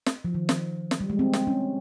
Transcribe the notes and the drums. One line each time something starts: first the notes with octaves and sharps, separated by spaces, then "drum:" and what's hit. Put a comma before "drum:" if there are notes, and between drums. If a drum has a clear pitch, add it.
drum: snare
F3
D#3
drum: snare
drum: snare
G3
G#3
C4
drum: snare
C#4